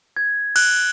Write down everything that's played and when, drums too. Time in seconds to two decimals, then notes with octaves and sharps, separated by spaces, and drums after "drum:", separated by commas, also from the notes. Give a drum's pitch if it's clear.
0.17 G#6
0.56 F#6, drum: cymbal